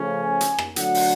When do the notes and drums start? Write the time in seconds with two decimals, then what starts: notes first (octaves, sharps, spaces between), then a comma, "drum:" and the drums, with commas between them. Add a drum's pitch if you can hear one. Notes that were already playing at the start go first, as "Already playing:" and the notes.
Already playing: C#3 F3 A3 C#4
0.23 G#5
0.41 drum: hi-hat
0.59 drum: rim click
0.76 D3 F#3 A3 F#5, drum: hi-hat
0.94 drum: open hi-hat